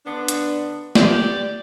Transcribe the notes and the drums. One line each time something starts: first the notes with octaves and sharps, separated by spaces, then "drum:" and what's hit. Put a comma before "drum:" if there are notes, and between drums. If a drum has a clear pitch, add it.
D3 B3 D4
drum: hi-hat
G4 D5, drum: snare